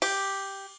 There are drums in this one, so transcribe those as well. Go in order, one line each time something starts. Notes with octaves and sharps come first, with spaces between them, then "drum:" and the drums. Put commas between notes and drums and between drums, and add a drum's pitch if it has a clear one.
G4, drum: cymbal